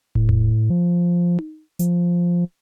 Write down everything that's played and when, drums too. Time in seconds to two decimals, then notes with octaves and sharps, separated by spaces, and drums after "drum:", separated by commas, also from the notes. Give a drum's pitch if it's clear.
0.15 A2, drum: kick D#1
0.29 drum: tom E2
0.70 F3
1.39 drum: tom D#4
1.79 F3, drum: hi-hat